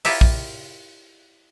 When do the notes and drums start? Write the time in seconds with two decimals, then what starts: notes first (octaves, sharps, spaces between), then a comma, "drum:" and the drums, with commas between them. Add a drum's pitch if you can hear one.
0.05 E4 F4 G4 A#4 C#5 E5, drum: open hi-hat
0.21 drum: kick